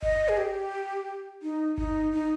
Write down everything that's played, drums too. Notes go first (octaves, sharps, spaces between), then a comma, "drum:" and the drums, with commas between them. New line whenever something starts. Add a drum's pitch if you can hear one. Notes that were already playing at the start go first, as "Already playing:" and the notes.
D#5, drum: kick G1
G#4
G4
D#4
D#4, drum: kick G1
D#4